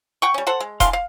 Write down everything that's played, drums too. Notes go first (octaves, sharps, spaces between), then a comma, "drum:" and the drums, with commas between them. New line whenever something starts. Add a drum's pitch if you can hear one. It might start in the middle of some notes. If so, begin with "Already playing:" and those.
F#5 G5 C#6
G3 C#4
A4 C5 F#5
G#3
D3 E3 F5 C6, drum: kick E1, hi-hat
F5